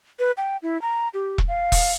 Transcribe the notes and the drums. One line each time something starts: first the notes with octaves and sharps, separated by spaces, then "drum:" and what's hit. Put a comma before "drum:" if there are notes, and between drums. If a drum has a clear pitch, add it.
B4
G5
E4
A#5
G4
drum: kick E1
F5
drum: kick E1, open hi-hat